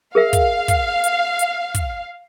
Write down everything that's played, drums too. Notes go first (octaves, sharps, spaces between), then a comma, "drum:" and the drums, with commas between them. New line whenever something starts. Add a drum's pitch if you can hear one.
G#4 A#4 E5 F5
drum: kick, hi-hat
drum: kick, hi-hat
drum: hi-hat
drum: hi-hat
drum: kick, hi-hat